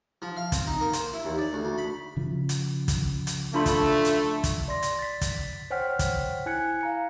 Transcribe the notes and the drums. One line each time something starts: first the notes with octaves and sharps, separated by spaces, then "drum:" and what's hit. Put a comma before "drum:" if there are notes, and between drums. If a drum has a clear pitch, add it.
F3
F5
C4, drum: kick, hi-hat
D#4
A#3
C5, drum: hi-hat
E4
D#2
D5
D2
D2
B5
C#3 F3
drum: hi-hat
drum: kick, hi-hat
drum: hi-hat
A3 D4 F4 B5
drum: kick, hi-hat
drum: hi-hat
drum: kick, hi-hat
D5 C6 A#6
drum: hi-hat
A6 B6
drum: kick, hi-hat
C5 C#5 F#5 G5 F6 B6
drum: kick, hi-hat
E4 G#5 F#6 G#6 C#7
F5 A#5 C#7